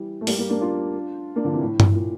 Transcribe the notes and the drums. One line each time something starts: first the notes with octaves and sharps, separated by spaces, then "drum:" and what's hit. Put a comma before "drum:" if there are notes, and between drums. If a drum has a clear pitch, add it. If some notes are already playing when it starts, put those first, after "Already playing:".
Already playing: E3 G3
A3
G3 A#3, drum: open hi-hat
G3 A#3
A#3 D4
D4 F4
A#3 D4
D3 F3
C3 E3
A2
drum: tom G2
A#2